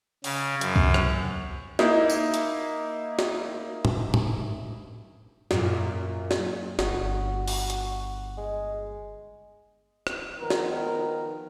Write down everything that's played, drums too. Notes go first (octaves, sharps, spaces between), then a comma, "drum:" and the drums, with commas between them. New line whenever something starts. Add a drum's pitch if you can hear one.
C#3, drum: open hi-hat
F#2, drum: hi-hat
drum: kick C2
drum: rim click
A#3 D#4 E4, drum: snare
drum: tambourine
drum: hi-hat
drum: snare
drum: tom
drum: tom
F#2 A#2, drum: snare
drum: snare
G1 F#4, drum: snare
drum: open hi-hat
drum: hi-hat
G#3
drum: rim click
D#3 F3 B3 A#4
drum: snare